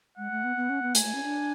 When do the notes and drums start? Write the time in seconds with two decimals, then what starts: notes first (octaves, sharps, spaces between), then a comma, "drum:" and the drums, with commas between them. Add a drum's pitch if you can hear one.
0.18 G#3 F#5
0.31 A3
0.44 B3
0.56 B3
0.69 C#4
0.82 B3
0.95 A3 G#5, drum: hi-hat
1.05 A3
1.15 C#4
1.24 D4